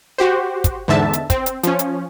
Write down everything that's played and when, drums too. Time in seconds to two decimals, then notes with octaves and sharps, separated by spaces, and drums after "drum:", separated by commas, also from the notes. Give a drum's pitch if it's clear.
0.18 F#4 G4 C5
0.64 drum: kick, hi-hat
0.88 E2 G#2 D3 E5 A5
1.13 drum: hi-hat
1.30 C4, drum: kick, hi-hat
1.46 drum: hi-hat
1.63 F3 C#4, drum: hi-hat
1.79 drum: hi-hat